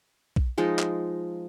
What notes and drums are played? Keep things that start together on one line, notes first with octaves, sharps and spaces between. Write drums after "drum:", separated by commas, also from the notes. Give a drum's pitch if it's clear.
drum: kick B1
F3 G#3 D#4
drum: clap